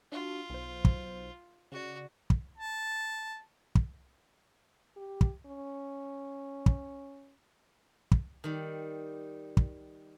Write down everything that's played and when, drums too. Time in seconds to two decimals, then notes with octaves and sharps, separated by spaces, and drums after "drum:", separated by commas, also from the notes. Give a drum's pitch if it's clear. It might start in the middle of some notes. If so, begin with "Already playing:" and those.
0.12 D4 F4 F#4
0.50 B1 C5
0.85 drum: kick
1.72 C#3 F#4 D5
2.30 drum: kick
2.58 A5
3.75 drum: kick
4.97 G4
5.21 drum: kick
5.46 C#4
6.66 drum: kick
8.12 drum: kick
8.44 D#3 G3
9.57 drum: kick